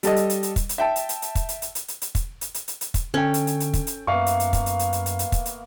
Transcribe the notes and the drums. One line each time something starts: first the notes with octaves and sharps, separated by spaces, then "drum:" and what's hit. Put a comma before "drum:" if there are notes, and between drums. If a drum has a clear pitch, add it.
G3 A4 D#5, drum: hi-hat
drum: hi-hat
drum: hi-hat
drum: hi-hat
drum: kick, hi-hat
drum: hi-hat
E5 G5 A5
drum: hi-hat
drum: hi-hat
drum: hi-hat
drum: kick, hi-hat
drum: hi-hat
drum: hi-hat
drum: hi-hat
drum: hi-hat
drum: hi-hat
drum: kick, hi-hat
drum: hi-hat
drum: hi-hat
drum: hi-hat
drum: hi-hat
drum: kick, hi-hat
D3 C#4 A4 G5
drum: hi-hat
drum: hi-hat
drum: hi-hat
drum: kick, hi-hat
drum: hi-hat
F#2 A#3 B3 E5 F5 C#6
drum: hi-hat
drum: hi-hat
drum: kick, hi-hat
drum: hi-hat
drum: hi-hat
drum: hi-hat
drum: hi-hat
drum: hi-hat
drum: kick, hi-hat
drum: hi-hat